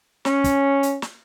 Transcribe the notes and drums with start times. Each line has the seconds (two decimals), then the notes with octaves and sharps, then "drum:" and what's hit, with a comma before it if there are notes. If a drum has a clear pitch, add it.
0.25 C#4, drum: snare
0.44 drum: kick, hi-hat
0.83 drum: hi-hat
1.02 drum: snare